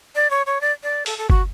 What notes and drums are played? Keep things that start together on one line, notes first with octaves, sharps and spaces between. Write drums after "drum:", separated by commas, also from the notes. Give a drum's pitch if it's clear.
D5
C#5
C#5
D5
D5
A4, drum: open hi-hat
A4
F#4, drum: kick G1